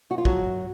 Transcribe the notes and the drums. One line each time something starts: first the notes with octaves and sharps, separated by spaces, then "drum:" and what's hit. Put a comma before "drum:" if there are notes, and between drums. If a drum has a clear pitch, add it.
F#2 F#4
F4
F3 F#3 G#3 F#4, drum: kick
F#2